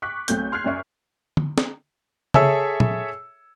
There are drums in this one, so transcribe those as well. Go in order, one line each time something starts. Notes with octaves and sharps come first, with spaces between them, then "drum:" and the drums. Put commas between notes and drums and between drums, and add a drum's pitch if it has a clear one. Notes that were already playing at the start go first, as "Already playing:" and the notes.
C#6 D6 F#6 B6
B1 A3 C4 G6, drum: hi-hat
C6 F6 F#6 G#6 C7
F#2 C#4 D5 E5 C#6
drum: tom D3
drum: snare
G#4 A4 C#5 E5 E6, drum: tom C#3
drum: tom